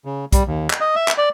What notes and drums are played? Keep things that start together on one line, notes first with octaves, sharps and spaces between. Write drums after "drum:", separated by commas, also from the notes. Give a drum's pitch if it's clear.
C#3
G3, drum: kick B1, hi-hat
D#2
drum: clap
D#5
E5
drum: clap
D5